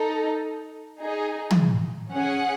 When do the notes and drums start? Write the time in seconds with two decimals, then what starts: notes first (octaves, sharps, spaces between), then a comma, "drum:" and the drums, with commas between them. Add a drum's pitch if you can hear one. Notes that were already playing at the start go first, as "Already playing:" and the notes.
Already playing: D#4 A4
1.00 D#4 G#4
1.51 drum: tom
2.12 C#4 G#4 F#5